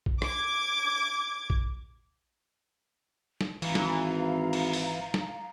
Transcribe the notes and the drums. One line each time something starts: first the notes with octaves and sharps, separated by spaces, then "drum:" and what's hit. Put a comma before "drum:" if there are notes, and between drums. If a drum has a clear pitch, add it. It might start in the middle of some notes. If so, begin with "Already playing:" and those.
drum: kick A#1
D6 G#6, drum: rim click
drum: kick A#1
drum: snare
G#1 E3 F5 A#5, drum: cymbal
drum: snare
drum: cymbal
drum: open hi-hat
drum: snare